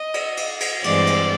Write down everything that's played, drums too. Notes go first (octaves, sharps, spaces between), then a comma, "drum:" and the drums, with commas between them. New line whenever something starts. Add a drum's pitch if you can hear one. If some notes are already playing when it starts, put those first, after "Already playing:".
Already playing: D#5
drum: cymbal
drum: cymbal
drum: cymbal
G2 E3 G#3 C4 D5, drum: cymbal
drum: cymbal